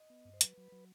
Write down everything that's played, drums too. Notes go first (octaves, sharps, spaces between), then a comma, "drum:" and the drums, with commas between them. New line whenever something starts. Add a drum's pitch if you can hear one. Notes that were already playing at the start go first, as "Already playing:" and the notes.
Already playing: D#5
B3
G2
C5
F#3 B4, drum: hi-hat
F#3
F#3